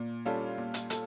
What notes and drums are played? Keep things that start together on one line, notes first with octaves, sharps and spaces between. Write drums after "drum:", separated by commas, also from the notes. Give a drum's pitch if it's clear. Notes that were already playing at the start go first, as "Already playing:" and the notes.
Already playing: A#2
G3 C#4 F4 A4
A#2
drum: hi-hat
A4, drum: hi-hat